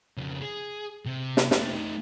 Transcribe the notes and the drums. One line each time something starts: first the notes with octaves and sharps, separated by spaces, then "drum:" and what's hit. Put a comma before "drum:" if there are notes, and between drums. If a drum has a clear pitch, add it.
F2 C#3
G#4
C3
drum: snare
A3 D#4, drum: snare